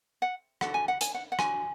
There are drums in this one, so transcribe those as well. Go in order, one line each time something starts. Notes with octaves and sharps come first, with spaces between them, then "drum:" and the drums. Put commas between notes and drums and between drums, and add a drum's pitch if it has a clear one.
F#5
D4 F#4 A4 F#5, drum: rim click
G#5
F#5
G#5, drum: hi-hat
F#5
F#5
D4 F#4 G#5, drum: rim click